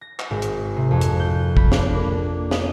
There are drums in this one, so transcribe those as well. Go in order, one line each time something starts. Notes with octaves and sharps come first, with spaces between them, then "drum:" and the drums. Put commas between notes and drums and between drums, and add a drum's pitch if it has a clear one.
A#6
drum: clap
G#1
drum: hi-hat
C3
F2
drum: hi-hat
G6
B5, drum: kick
D4, drum: snare
A#3
D#5, drum: snare